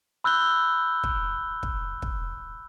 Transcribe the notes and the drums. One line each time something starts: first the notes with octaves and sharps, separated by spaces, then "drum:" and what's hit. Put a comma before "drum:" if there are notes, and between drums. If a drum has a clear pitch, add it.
B5 E6 F#6 G6 G7
drum: kick
drum: kick
drum: kick